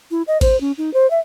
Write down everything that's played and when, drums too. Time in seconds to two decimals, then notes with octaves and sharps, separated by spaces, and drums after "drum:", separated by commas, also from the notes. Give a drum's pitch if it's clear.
0.11 E4
0.27 D#5
0.41 C5, drum: kick, cymbal
0.61 C#4
0.78 D#4
0.93 C5
1.10 E5